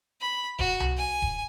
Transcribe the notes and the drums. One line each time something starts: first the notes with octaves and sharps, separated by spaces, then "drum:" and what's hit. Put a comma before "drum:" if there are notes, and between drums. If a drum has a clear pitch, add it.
B5
F#4, drum: kick D#1
drum: tom C2
G#5
drum: kick D#1